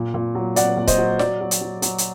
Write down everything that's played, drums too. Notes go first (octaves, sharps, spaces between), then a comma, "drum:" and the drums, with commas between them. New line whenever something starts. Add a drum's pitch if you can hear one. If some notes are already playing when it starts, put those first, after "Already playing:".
Already playing: A#2
A#2
F#3
F#3 D5 F#5, drum: hi-hat
A#2
C5 D#5, drum: kick C#1, hi-hat
F#3
F#3 D5, drum: snare
F#3
drum: hi-hat
F#3
F#3, drum: hi-hat
drum: hi-hat